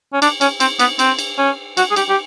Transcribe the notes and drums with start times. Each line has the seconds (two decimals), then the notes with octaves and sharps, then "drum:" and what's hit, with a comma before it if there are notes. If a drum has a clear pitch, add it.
0.13 C#4
0.22 D4, drum: cymbal
0.41 C#4, drum: cymbal
0.60 C4, drum: cymbal
0.79 B3, drum: cymbal
0.99 C4, drum: cymbal
1.19 drum: cymbal
1.38 C#4
1.77 F#4, drum: cymbal
1.91 G#4
1.96 G4, drum: cymbal
2.09 G4